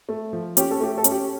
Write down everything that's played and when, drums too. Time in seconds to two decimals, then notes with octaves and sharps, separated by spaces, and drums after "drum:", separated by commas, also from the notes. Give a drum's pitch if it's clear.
0.09 A3
0.33 F3
0.57 C#4 G4, drum: hi-hat
0.71 A4
0.81 A3 G4
0.98 A4
1.04 C#4, drum: hi-hat
1.11 G4